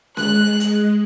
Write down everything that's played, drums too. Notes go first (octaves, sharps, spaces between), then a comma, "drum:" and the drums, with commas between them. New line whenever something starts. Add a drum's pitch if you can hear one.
G#3 F#6, drum: snare C#4
drum: hi-hat